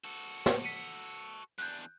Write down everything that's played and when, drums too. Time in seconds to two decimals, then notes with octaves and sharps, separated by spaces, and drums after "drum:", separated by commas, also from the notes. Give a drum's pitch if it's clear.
0.04 F#4 A4
0.46 drum: snare
0.64 B6 C#7 D#7
1.58 E2 D4 F#6 G6